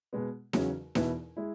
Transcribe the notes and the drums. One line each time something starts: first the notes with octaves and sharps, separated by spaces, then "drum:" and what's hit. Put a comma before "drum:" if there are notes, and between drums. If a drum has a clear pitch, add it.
B2 G#3 B3
E2 C#3 F#3 C#4 F#4, drum: snare D#4
E2 B2 B3 E4, drum: snare D#4
G#3 E4